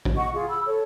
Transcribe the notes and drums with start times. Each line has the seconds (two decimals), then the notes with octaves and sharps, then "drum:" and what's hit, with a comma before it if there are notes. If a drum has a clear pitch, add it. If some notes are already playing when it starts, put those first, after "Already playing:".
0.05 drum: kick A1
0.16 D#5 F#5 C#6
0.34 F4 G#4
0.49 B5 E6
0.66 A4 C#5